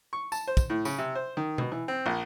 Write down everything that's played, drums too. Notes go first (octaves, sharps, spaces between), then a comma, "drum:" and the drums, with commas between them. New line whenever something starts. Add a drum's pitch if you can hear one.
C#6
A5, drum: tambourine
C5
drum: kick, tambourine
A2
C#3, drum: tambourine
C3
C5
D#3
B2, drum: tom B2
E3
C4
A#1